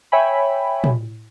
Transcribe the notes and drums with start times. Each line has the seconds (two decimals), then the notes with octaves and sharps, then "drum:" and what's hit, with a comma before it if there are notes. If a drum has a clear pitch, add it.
0.12 C#5 E5 G5 G#5 B5
0.84 drum: tom